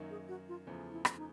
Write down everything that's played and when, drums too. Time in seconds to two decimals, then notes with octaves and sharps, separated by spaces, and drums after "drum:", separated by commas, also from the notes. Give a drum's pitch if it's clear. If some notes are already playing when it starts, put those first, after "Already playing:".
Already playing: F#2 D#3 F#3 A#3 D#4
0.10 G#4
0.28 F#4
0.48 F4
0.67 E2 C#3 F3 A3
0.92 E4
1.05 drum: rim click
1.17 D#4